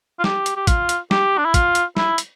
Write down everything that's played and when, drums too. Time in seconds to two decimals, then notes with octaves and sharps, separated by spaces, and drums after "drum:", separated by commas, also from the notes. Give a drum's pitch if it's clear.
0.19 F4
0.24 G4, drum: snare
0.46 drum: hi-hat
0.56 G4
0.67 F4, drum: kick, hi-hat
0.89 drum: hi-hat
1.11 G4, drum: snare
1.38 D4
1.45 E4
1.54 F4, drum: kick, hi-hat
1.75 drum: hi-hat
1.97 E4, drum: snare
2.18 drum: hi-hat